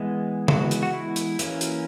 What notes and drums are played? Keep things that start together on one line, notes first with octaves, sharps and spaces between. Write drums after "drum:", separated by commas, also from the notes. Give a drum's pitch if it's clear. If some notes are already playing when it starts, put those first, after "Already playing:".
Already playing: E3 G#3 B3
E3 G#3 B3 F#4, drum: tom
drum: hi-hat
F#4
E4
drum: hi-hat
E3 A#3 C#4, drum: hi-hat
drum: hi-hat